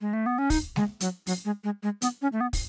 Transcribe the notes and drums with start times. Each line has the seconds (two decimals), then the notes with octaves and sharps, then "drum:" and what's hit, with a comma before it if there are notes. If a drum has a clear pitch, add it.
0.01 G#3
0.13 A3
0.26 B3
0.38 C#4
0.50 D#4, drum: kick, open hi-hat
0.76 G#3, drum: snare G#3
1.00 F#3, drum: hi-hat
1.27 F#3, drum: open hi-hat
1.45 G#3
1.64 G#3
1.83 G#3
2.02 B3, drum: hi-hat
2.22 C#4
2.32 A3
2.41 B3
2.53 drum: kick, open hi-hat